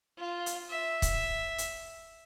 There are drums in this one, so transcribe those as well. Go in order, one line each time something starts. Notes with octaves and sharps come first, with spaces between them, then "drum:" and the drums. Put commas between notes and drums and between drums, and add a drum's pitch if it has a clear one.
F4
drum: hi-hat
E5
drum: kick, hi-hat
drum: hi-hat